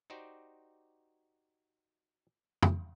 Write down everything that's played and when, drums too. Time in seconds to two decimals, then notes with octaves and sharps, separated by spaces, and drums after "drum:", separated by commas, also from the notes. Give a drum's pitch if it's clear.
0.10 D#4 F#4 G4 C5 D5
2.63 drum: tom F2